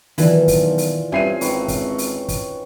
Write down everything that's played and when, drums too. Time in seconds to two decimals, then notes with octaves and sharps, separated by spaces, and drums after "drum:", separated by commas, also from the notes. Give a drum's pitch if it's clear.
0.18 B1 A#2 D#3 E3 F4 E5 B5, drum: open hi-hat
0.48 drum: kick, open hi-hat
0.78 drum: open hi-hat
1.12 G2 C4 C#4 F4 E5 G#5 C7 D#7
1.41 G#1 D#3 B4 C#5, drum: open hi-hat
1.68 drum: kick, open hi-hat
1.98 drum: open hi-hat
2.28 drum: kick, open hi-hat